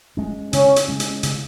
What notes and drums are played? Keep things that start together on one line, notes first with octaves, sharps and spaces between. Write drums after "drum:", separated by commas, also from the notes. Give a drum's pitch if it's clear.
G#3 C#4
C#3 C#4, drum: hi-hat
drum: hi-hat
G#3 C#4
drum: hi-hat
C#3, drum: hi-hat